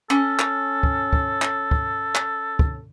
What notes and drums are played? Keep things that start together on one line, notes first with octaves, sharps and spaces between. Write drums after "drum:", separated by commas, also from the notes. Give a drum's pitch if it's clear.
C#4 A4
drum: clap
drum: kick
drum: kick
drum: clap
drum: kick
drum: clap
drum: kick